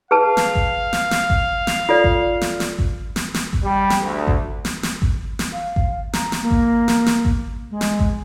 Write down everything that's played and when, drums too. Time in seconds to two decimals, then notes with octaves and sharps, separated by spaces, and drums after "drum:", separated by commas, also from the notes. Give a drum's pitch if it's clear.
0.11 G#4 B4 F5 A5
0.37 drum: snare
0.55 drum: kick G#1
0.93 drum: snare
1.11 drum: snare
1.30 drum: kick G#1
1.67 drum: snare
1.89 F4 A4 D5
2.04 drum: kick G#1
2.41 drum: snare
2.60 drum: snare
2.79 drum: kick G#1
3.16 drum: snare
3.34 drum: snare
3.53 drum: kick G#1
3.64 G3
3.90 drum: snare
4.01 D2
4.27 drum: kick G#1
4.65 drum: snare
4.83 drum: snare
5.02 drum: kick G#1
5.39 drum: snare
5.53 F5
5.76 drum: kick G#1
6.13 A#5, drum: snare
6.32 drum: snare
6.41 A#3
6.51 drum: kick G#1
6.88 drum: snare
7.06 drum: snare
7.25 drum: kick G#1
7.71 G#3
7.81 drum: snare
7.99 drum: kick G#1